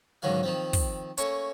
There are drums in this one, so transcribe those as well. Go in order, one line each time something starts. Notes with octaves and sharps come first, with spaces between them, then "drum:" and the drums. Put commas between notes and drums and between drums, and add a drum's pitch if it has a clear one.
C#2 G#2 D3 D#3 F#3 F5
D#3 F3 C4
drum: kick, open hi-hat
A3 A#3 C#4 C#6, drum: hi-hat